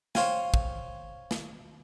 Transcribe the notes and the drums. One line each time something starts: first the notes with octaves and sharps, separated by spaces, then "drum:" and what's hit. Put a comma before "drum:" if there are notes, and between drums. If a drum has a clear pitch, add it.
C5 C#5 F5 G5 G#5, drum: snare
drum: kick
drum: snare